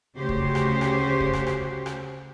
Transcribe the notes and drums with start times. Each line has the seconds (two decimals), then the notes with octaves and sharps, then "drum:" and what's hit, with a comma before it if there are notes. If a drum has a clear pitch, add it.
0.16 D2 C#3 F#4 G4 C5
0.29 drum: kick
0.55 drum: rim click
0.81 drum: rim click
1.20 drum: kick
1.33 drum: rim click
1.47 drum: rim click
1.86 drum: rim click